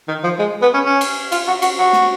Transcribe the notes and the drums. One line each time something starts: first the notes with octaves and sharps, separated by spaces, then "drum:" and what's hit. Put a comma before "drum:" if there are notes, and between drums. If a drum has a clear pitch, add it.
D#3
F3
G#3
B3
C#4
C#4
drum: cymbal
F4, drum: cymbal
F#4
F#4, drum: cymbal
F#4
drum: snare